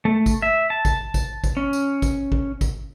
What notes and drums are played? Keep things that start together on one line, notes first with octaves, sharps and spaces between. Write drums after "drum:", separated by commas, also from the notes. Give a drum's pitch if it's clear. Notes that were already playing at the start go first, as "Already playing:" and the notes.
A3
drum: kick, tambourine
E5
A5
drum: kick, tambourine
drum: kick, tambourine
drum: kick, tambourine
C#4
drum: tambourine
drum: kick, tambourine
drum: kick
drum: kick, tambourine